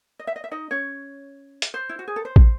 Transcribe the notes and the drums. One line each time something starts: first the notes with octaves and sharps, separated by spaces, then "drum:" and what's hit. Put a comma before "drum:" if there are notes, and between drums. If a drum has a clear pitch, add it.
D#5
E5
D#5
E5
D#4 D#5
C#4 C#5
drum: hi-hat
C5
E4
F#4
G#4
A4
C5
drum: kick